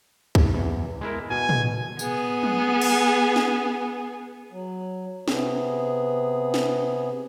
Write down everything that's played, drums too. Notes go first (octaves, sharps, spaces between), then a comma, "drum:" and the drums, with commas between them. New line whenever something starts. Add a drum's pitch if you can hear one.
drum: kick C2
E2
G#3 E4 A#4
B2 G#5
drum: tom
B3 G#4, drum: tambourine
drum: tom
drum: cymbal
drum: snare
F#3
C3 B3 G#4, drum: snare
drum: snare